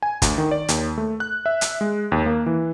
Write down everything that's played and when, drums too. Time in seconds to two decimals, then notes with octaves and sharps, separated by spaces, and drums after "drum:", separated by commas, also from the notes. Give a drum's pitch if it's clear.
0.02 G#5
0.22 D2, drum: kick, hi-hat
0.38 D#3
0.51 D5
0.68 D#2, drum: hi-hat
0.98 A3
1.20 F#6
1.46 E5
1.61 drum: hi-hat
1.81 G#3
2.12 D#2
2.26 A#3
2.46 E3